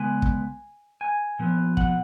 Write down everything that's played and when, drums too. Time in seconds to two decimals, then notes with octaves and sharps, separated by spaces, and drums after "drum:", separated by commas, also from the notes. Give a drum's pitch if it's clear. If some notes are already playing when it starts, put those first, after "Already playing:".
Already playing: C#3 G#3 B3 G#5
0.22 drum: kick
1.01 G#5
1.39 A#2 F3 B3
1.77 F#5, drum: kick